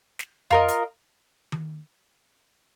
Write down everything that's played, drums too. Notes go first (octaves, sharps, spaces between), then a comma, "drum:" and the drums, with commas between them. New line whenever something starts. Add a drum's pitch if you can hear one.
drum: snare
F4 A#4 D#5, drum: tom F2
drum: hi-hat
drum: tom D#3